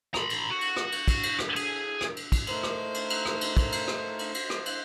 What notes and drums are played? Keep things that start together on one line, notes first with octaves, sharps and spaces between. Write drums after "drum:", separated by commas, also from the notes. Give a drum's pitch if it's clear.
A#5 B5, drum: rim click
drum: cymbal
F#4
drum: cymbal
drum: rim click
drum: cymbal
drum: kick, cymbal
drum: cymbal
drum: rim click
G#4, drum: cymbal
drum: rim click
drum: cymbal
drum: kick, cymbal
A3 D#4 A#4 C5, drum: cymbal
drum: rim click
drum: cymbal
drum: cymbal
drum: rim click
drum: cymbal
drum: kick, cymbal
drum: cymbal
drum: rim click
drum: cymbal
drum: cymbal
drum: rim click
drum: cymbal